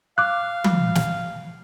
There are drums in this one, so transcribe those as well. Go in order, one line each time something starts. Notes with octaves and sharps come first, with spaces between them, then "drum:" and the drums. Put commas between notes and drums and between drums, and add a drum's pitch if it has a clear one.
F5 D6 F#6
drum: tom F3
drum: snare